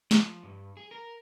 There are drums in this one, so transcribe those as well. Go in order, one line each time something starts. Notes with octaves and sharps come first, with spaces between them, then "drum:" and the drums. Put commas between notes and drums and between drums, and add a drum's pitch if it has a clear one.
F3, drum: snare
G2
G#4
A#4